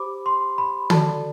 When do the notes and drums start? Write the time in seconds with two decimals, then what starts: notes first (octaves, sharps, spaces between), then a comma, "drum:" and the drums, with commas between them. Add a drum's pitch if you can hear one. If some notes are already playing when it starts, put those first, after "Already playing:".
Already playing: G4 C5 B5 D6
0.26 C6
0.58 B5
0.90 F#4 A4 D5 A5, drum: tom